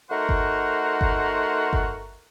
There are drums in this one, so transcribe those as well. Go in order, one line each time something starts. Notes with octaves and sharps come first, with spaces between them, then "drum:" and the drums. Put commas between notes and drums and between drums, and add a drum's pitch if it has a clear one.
A3 D#4 F#4 A#4 C5 F#5
drum: kick G1
drum: kick G1
drum: kick G1